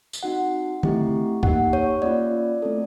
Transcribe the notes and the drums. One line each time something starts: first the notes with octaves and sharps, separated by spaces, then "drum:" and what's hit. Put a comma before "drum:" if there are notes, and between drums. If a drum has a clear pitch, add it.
drum: tambourine
C4 D#4 F#4 F#5
A3 C4 E4 G4, drum: tom
A#3 D#4 G4 F#5, drum: kick
C#5
A#3 C#4 F4 D5
A3 C4 E4 A4